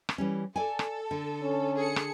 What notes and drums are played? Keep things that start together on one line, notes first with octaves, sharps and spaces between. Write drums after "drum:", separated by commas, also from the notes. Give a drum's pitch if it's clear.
drum: rim click
E3 G3 C#4
A4 D5 G#5
drum: rim click
D3
C#4
G#4 A4 C#7
drum: rim click